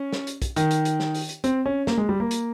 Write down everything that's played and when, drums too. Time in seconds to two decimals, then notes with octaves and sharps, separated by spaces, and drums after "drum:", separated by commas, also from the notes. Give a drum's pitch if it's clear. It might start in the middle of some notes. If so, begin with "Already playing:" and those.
Already playing: C#4
0.13 drum: snare
0.27 drum: hi-hat
0.42 drum: kick, hi-hat
0.56 D#3, drum: hi-hat
0.71 drum: hi-hat
0.85 drum: hi-hat
1.00 drum: snare
1.14 drum: open hi-hat
1.29 drum: hi-hat
1.44 C4, drum: hi-hat
1.66 C#4
1.87 A#3, drum: snare
1.97 G#3
2.09 G3
2.20 A#3
2.31 drum: hi-hat